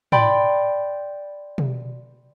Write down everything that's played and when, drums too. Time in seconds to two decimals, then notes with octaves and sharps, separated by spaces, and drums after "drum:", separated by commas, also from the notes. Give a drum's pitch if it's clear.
0.12 D5 G5 B5 C6, drum: tom
1.58 drum: tom B2